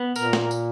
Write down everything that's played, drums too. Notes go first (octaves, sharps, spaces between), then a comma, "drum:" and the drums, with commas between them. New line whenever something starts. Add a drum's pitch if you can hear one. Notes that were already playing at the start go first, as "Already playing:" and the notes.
Already playing: B3
A#2 A#4, drum: tambourine
drum: snare
drum: tambourine